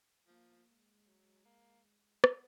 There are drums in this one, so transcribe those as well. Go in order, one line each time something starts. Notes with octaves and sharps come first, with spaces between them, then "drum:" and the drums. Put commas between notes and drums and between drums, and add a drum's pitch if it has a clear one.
F3 A#3
G#3
F#3
A#3
B3, drum: rim click